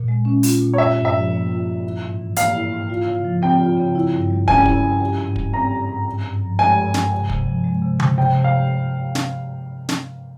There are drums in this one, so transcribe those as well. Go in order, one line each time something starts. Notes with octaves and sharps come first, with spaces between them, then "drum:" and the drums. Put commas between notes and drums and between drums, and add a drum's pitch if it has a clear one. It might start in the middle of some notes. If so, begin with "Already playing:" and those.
Already playing: A#2
G#3
C#4
F4, drum: open hi-hat
A#2
C#5
F4 E5
G2
E5
F3
A#3
F4
G2
E4
G#2
E3
A#3 F5, drum: hi-hat
E4
G#2
F4
C#3
F3
C4 G5
F4
C#3
E4
G2
G3
C#4 G#5, drum: kick
E4, drum: kick
G2
G4
G#2
G3, drum: kick
C4 A#5
G4
G#2
G2
G2
F3
G#3 G#5
G2
G2, drum: snare
C3
C3, drum: kick
F3
G#3
C3
C3, drum: tom C#3
C3 G5
C3
F5
drum: snare
drum: snare